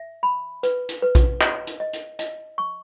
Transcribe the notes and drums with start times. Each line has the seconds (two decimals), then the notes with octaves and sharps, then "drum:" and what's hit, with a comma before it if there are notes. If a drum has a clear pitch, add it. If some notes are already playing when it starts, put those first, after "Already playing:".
Already playing: E5
0.23 B5
0.63 B4, drum: hi-hat
0.89 drum: hi-hat
1.02 B4
1.15 drum: kick A#1, hi-hat
1.41 D#5, drum: clap
1.67 drum: hi-hat
1.80 D#5
1.93 drum: hi-hat
2.19 D#5, drum: hi-hat
2.58 C#6